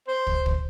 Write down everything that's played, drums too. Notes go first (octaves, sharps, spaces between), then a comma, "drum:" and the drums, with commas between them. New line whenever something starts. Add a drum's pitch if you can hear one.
C5
drum: kick
drum: kick